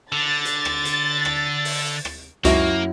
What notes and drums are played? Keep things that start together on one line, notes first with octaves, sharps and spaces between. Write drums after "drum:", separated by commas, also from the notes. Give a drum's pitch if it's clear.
D3 A6
drum: hi-hat
drum: rim click
drum: hi-hat
drum: rim click
drum: open hi-hat
drum: rim click
C#2 F#2 A#3 E4 F#4 E5, drum: hi-hat